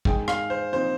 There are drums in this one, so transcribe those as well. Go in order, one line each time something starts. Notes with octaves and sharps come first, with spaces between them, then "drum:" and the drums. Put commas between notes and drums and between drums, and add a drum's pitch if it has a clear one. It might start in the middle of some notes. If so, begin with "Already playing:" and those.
G#2 D#3 G#3 D#4 G#4 G5, drum: kick
F5, drum: rim click
C5
A#2 F3 C4 D#4 C5